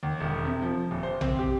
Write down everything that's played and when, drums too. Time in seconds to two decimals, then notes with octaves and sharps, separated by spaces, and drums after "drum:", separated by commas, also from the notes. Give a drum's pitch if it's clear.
0.03 D#2
0.20 E1
0.45 C3
0.62 F3
0.91 D#1
1.03 C5
1.21 C4, drum: tom A#1
1.39 G4